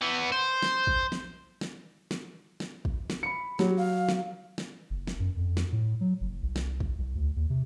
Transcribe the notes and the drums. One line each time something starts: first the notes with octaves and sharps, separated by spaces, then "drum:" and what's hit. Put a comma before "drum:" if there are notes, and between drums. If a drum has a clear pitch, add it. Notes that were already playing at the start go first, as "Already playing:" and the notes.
E3 B3
C5
drum: snare
drum: kick
drum: snare
drum: snare
drum: snare
drum: snare
drum: kick
drum: snare
B5 C#7
F#3 G4, drum: snare
F5
drum: snare
drum: snare
F#1
drum: snare
F#2
F2
drum: snare
A2
F#3
F#1
C2
drum: snare
drum: kick
C2
D2
D#2
C3